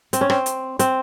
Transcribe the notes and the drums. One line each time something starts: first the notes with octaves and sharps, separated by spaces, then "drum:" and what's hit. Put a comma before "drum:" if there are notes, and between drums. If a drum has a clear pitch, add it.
C4, drum: hi-hat
C#4
C4, drum: rim click
drum: hi-hat
C4, drum: hi-hat